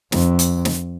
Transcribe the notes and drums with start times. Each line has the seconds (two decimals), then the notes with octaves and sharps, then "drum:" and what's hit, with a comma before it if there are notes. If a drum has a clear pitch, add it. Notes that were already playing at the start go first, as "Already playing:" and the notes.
0.12 F2, drum: snare
0.39 drum: hi-hat
0.65 drum: snare